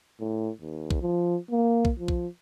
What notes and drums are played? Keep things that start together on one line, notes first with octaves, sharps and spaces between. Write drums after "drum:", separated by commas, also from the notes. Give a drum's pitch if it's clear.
A2
D#2
drum: kick B1
F3
A#3
drum: kick B1
F3
drum: kick B1